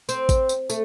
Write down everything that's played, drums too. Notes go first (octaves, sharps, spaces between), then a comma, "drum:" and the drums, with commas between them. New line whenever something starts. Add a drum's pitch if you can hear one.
C4, drum: tambourine
drum: kick, tambourine
drum: tambourine
A3, drum: tambourine